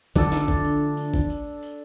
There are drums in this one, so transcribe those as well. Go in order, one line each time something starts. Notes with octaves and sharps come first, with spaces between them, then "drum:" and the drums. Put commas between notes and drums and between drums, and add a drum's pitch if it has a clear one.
D3 F3 A3 D4 A4, drum: kick
drum: snare
drum: kick
drum: tambourine
drum: tambourine
drum: kick
drum: tambourine
drum: tambourine